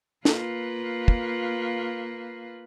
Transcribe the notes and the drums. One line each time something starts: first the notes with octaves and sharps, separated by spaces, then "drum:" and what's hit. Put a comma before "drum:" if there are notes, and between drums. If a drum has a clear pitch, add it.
A#3 F4 B4, drum: snare
drum: kick